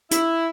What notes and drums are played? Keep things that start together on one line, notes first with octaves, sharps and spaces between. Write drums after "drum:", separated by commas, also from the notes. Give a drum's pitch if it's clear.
E4, drum: hi-hat